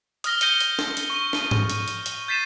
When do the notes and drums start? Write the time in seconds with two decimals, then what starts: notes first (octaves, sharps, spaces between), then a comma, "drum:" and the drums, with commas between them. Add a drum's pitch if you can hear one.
0.24 D#6 F6 A#6 G7, drum: hi-hat
0.41 D#6 G6 A#6 C#7 D#7 G7, drum: hi-hat
0.61 drum: hi-hat
0.79 drum: snare
0.97 drum: hi-hat
1.10 C#6
1.33 drum: snare
1.51 drum: tom G#2
1.69 drum: hi-hat
1.88 drum: hi-hat
2.06 drum: hi-hat
2.28 G6 A6 B6 C7 D#7 E7